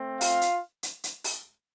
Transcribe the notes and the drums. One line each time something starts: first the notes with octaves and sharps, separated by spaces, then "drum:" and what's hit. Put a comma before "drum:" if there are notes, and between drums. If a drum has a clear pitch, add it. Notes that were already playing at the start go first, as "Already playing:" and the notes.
Already playing: A3 C4
F4 F5, drum: open hi-hat
drum: hi-hat
drum: hi-hat
drum: hi-hat
drum: open hi-hat